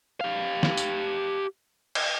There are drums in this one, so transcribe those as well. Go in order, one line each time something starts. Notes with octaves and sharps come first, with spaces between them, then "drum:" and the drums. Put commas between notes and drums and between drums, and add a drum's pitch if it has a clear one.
G4 F5
drum: snare
drum: tambourine
drum: cymbal